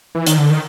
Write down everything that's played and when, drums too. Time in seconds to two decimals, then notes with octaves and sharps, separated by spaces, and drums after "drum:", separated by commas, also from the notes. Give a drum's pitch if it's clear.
0.15 E3
0.27 D#3, drum: hi-hat
0.38 D3
0.50 D#3